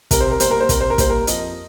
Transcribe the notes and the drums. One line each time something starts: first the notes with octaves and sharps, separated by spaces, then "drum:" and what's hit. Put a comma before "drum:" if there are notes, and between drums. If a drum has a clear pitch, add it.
C3 A#4, drum: kick, hi-hat
C5
A#4
G3 A#3 C5, drum: hi-hat
A#4
C5
C3 A#4, drum: kick, hi-hat
C5
A#4
G3 A#3 C5, drum: kick, hi-hat
A#4
F2 D#5, drum: hi-hat